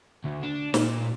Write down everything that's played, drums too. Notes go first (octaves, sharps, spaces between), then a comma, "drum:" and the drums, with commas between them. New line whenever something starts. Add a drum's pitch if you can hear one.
D2
D4
A#2, drum: snare